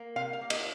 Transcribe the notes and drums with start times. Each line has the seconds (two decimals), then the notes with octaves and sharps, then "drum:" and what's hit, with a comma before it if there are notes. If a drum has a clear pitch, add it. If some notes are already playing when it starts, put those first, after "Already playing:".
Already playing: A#3
0.16 C3 F5
0.33 F5
0.41 A#3
0.50 D#5, drum: cymbal